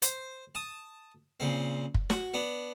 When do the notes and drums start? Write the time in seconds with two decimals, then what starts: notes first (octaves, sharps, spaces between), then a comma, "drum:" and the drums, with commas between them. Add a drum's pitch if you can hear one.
0.02 C5, drum: hi-hat
0.55 A5 D#6
1.40 A#2 C#3 C4
1.94 drum: kick
2.10 F#4, drum: snare
2.34 B3 D4